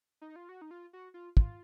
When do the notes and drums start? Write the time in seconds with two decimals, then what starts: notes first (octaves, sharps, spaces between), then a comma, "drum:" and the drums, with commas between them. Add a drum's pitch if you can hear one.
0.21 D#4
0.36 F4
0.49 F#4
0.62 D#4
0.71 F4
0.93 F#4
1.14 F4
1.37 F4, drum: kick